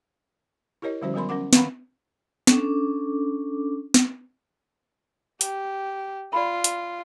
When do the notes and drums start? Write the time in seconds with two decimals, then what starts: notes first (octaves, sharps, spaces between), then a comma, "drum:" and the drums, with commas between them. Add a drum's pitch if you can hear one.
0.82 E4 G4 A#4 C#5 D#5
1.01 D3 F3 G3 C#4 F#4 C5
1.14 F#3 G3 B3 A#4 B5 C6
1.29 C#4 A#4 F#5 D6
1.53 D#3 B4 F5 F#5 A#5 B5, drum: snare
2.47 C#4 D4 A4 D6, drum: snare
3.94 drum: snare
5.41 G4, drum: hi-hat
6.33 F4 D5 B5
6.64 drum: hi-hat